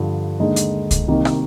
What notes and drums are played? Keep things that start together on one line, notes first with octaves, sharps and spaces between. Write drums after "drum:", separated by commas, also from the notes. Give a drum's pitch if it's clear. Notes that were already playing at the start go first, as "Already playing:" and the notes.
Already playing: G2 D3 F3
D#2 D3 G#3 D#4
drum: hi-hat
drum: kick C2, hi-hat
C2 C3 D#3 A#3 D#4
drum: rim click